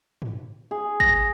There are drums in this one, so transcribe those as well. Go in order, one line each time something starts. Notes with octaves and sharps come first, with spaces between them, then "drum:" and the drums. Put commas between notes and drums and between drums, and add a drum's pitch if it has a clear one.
drum: tom
G#4
A#6, drum: kick